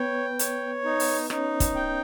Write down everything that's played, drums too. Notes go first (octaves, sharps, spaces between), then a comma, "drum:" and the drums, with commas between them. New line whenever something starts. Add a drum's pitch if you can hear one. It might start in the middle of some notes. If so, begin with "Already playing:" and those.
Already playing: B3 B4 C#5 G5
C#5, drum: hi-hat
D#4
drum: open hi-hat
C#4 D#4 C#5, drum: rim click
drum: kick, hi-hat
G5